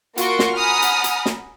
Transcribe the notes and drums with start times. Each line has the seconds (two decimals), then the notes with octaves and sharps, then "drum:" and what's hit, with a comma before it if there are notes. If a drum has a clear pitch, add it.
0.18 A#3 F4 F#4 C6 C#6 D7, drum: hi-hat
0.39 drum: snare
0.55 F#5 G#5 A#5 B5 D#6 F6
0.82 drum: hi-hat
1.04 drum: hi-hat
1.26 drum: snare